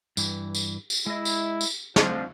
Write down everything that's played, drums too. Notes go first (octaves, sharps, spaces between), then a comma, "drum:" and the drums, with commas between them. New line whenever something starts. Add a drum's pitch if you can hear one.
G2 E3, drum: tambourine
drum: tambourine
drum: tambourine
G#3 E4 D#5
drum: tambourine
drum: tambourine
G#2 F3 C4 D4, drum: snare